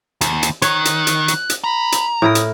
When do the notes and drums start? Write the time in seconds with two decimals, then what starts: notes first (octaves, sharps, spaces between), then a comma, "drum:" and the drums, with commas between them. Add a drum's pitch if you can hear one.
0.21 D#2, drum: hi-hat
0.43 drum: hi-hat
0.62 D#3 C#5 F#6, drum: hi-hat
0.85 drum: hi-hat
1.07 drum: hi-hat
1.28 drum: hi-hat
1.50 drum: hi-hat
1.64 A#5 B5
1.92 drum: hi-hat
2.22 A2 E4 A#4 D#6
2.35 drum: hi-hat